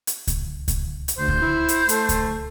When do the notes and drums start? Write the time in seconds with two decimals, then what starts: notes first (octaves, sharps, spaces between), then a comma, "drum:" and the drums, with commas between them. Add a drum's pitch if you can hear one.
0.07 drum: hi-hat
0.27 drum: kick C#2, hi-hat
0.68 drum: kick C#2, hi-hat
1.08 drum: hi-hat
1.18 D2 C5
1.28 drum: kick C#2
1.42 E4
1.69 drum: hi-hat
1.89 A3, drum: hi-hat
2.09 drum: kick C#2, hi-hat